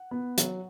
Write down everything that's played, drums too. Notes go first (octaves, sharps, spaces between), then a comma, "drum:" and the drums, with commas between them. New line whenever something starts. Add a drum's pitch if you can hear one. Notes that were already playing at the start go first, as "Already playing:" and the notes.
Already playing: F#5
B3
F#3, drum: hi-hat